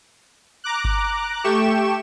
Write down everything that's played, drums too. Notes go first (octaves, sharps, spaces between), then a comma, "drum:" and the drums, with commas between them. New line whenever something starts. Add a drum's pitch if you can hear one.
A#5 D6 F#6
drum: kick G1
A3 G4 G5 C#6 E7